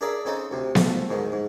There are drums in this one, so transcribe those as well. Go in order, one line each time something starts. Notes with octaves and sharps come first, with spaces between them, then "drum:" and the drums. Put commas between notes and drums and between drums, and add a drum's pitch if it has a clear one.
D4 G#4 A#4 D5 E5
C#3 C4 D#4 A4
D2 C3
F3 A3, drum: snare B3
D2 G#2 D#3
G#2